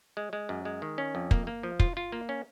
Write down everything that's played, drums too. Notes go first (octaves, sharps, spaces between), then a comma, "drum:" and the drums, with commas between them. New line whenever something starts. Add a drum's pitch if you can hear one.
G#3
G#3
F#2
G#3
D#3
C#4
F2
A#3, drum: kick
A#3
F3
F4, drum: kick
F4
A#3
C#4